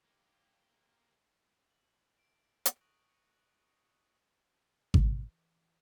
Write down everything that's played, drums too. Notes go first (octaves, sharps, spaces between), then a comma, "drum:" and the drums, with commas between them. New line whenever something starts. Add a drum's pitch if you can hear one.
A#3 G4
F#7
D7
drum: hi-hat
C#6 D#6 F#6 A#6 F#7
C#7
F#7
F6, drum: kick G#1
E3
D6